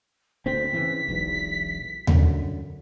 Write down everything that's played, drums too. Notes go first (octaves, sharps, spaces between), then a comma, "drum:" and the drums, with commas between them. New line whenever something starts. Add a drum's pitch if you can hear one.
D2 C4 B6
C#3 E3 C4
E1 B1 E2
F#2 D3, drum: tom D#2